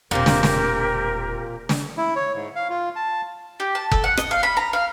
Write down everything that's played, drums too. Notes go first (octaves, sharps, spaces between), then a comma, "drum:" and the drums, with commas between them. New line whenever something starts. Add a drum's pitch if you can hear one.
E1 A#2 A#3 C4 G4 A#4
drum: snare
drum: snare
drum: snare
E4
C#5
G#2
F5
F4
A5
G4
A5
A4, drum: kick F#1
F#5
D#5, drum: rim click
F5
B5
A#5
F5